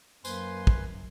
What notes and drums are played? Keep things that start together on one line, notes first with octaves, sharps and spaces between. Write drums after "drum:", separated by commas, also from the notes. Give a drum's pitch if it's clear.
F#2 A#3 B4 C5 G#5 C6, drum: tambourine
drum: kick